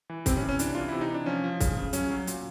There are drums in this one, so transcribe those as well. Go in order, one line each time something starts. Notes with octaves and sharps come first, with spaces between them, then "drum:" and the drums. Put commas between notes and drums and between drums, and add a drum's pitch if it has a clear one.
E3
C3 C4, drum: kick C2, hi-hat
C#4
C3
C#4
E3 D4, drum: hi-hat
E3 F4
C3 E4
D#4
C3 D4
F3 C#4
F3
C#3, drum: kick C2, hi-hat
C#3
F#3 C#4, drum: hi-hat
F#3
A#2, drum: hi-hat